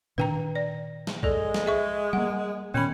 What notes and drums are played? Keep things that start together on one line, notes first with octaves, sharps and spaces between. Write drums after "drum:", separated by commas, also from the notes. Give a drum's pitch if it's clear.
A#2 D#3 D4 B4 G5 A#5
D5
drum: snare
G#3 A4 D5, drum: kick B1
drum: snare
G#4 E5 C#6
G3 A#3 F#5
A#2 D#3 B3 C#4 B5